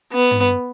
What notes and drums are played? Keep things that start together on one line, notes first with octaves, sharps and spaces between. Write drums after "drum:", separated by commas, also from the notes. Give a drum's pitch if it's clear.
B3
drum: tom